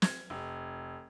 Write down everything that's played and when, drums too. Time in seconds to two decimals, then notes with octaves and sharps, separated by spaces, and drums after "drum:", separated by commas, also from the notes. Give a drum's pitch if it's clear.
0.02 G#6, drum: snare
0.30 F1